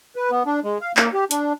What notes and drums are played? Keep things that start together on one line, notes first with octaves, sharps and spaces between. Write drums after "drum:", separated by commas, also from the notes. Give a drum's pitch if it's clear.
B4
B3
D4
G#3
F5
A#3, drum: clap
G4
D4, drum: hi-hat